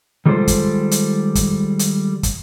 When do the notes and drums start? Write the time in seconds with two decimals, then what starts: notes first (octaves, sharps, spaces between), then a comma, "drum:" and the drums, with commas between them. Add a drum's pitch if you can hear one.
0.26 D#3 G3 G#3 F4 A4 C5
0.48 drum: kick, hi-hat
0.91 drum: hi-hat
1.35 drum: kick, hi-hat
1.79 drum: hi-hat
2.23 drum: kick, hi-hat